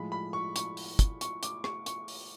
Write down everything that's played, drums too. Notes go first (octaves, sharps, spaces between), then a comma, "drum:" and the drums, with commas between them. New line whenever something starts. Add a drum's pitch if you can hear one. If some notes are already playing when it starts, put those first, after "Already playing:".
Already playing: A2 F3 G#3 B5
B5
C#6
C#6, drum: hi-hat
drum: open hi-hat
drum: kick, hi-hat
C#6, drum: hi-hat
D6, drum: hi-hat
C#6, drum: rim click
C#6, drum: hi-hat
drum: open hi-hat